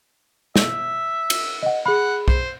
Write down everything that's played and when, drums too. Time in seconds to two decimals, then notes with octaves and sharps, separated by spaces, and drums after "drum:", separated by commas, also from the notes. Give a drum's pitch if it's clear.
0.56 E5, drum: snare
1.30 drum: cymbal
1.63 D#5 F#5
1.86 G#4 F#5 B5
2.28 C5, drum: kick